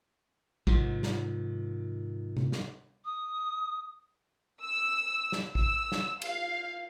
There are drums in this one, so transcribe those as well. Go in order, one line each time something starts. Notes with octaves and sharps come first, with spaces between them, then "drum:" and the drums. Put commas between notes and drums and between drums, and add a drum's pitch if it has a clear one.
G#2 C3 D#3 F3, drum: kick A1
drum: snare
drum: tom C3
drum: snare
D#6
E6
drum: snare
E6, drum: kick A1
drum: snare
F5, drum: cymbal